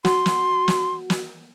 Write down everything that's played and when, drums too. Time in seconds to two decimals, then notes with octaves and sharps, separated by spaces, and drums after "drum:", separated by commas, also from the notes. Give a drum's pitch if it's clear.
0.05 F#4 C6, drum: snare
0.26 drum: snare
0.68 drum: snare
1.10 drum: snare